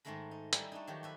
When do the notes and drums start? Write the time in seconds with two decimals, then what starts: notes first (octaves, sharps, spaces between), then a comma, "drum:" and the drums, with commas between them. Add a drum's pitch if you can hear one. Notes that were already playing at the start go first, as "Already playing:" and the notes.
0.05 G#2 D#3 G#3 A3 A#4 B5
0.31 D#4
0.53 G3 D#4 E4 G#4, drum: hi-hat
0.72 A3 D4 D#4
0.87 D#3 F3 F#3 G4
1.03 F3 B4 E5